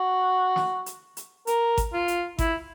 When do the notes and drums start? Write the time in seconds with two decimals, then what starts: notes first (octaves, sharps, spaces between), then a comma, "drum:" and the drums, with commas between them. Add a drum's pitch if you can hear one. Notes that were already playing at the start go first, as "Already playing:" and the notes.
Already playing: F#4
0.56 drum: snare
0.86 drum: hi-hat
1.17 drum: hi-hat
1.47 A#4, drum: hi-hat
1.78 drum: kick G#1, hi-hat
1.93 F4
2.08 drum: hi-hat
2.39 E4, drum: kick G#1, hi-hat